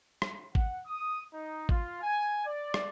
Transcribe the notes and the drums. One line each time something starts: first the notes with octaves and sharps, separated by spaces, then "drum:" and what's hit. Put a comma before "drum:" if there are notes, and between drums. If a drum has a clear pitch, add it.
drum: rim click
F#5, drum: kick G#1
D#6
D#4
F4, drum: kick G#1
G#5
D5
drum: rim click